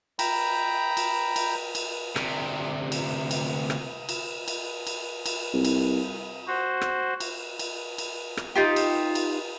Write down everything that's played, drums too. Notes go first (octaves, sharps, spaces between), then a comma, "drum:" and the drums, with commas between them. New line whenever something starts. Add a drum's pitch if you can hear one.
G5 A#5 B5, drum: cymbal
drum: cymbal
drum: cymbal
drum: cymbal
D2 C3, drum: rim click
drum: cymbal
drum: cymbal
drum: rim click
drum: cymbal
drum: cymbal
drum: cymbal
drum: cymbal
C2
drum: cymbal
F#4 C5
drum: rim click
drum: cymbal
drum: cymbal
drum: cymbal
drum: rim click
D#4 F4 G4
drum: cymbal
drum: cymbal